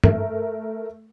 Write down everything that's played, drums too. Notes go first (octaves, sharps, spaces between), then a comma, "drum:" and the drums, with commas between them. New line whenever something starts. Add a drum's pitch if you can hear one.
A3 A#4, drum: tom G2